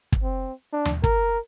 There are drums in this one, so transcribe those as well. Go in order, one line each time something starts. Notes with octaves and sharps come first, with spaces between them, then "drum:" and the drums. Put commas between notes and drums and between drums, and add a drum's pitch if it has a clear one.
drum: kick
C4
D4
drum: tom D#2
A#4, drum: kick